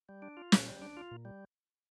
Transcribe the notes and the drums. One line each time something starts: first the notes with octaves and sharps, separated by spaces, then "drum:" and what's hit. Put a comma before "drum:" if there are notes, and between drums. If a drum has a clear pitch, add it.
G3
D4
F4
A#2, drum: snare
G3
D4
F4
A#2
G3